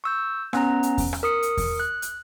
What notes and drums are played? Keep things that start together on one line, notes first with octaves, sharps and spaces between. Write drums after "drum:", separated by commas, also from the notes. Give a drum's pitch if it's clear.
C#6 E6 G6
B3 C#4 A#5, drum: rim click
drum: hi-hat
drum: kick E2, open hi-hat
drum: rim click
A#4 D#6 C#7
drum: hi-hat
drum: kick E2, open hi-hat
F#6
drum: hi-hat